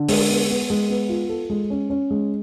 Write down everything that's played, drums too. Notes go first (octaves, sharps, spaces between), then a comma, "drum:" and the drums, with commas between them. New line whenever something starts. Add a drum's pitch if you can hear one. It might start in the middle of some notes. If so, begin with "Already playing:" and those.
Already playing: D3
G#3, drum: open hi-hat
B3
B3
G#3
B3
F4
A4
G#3
C#4
C#4
G#3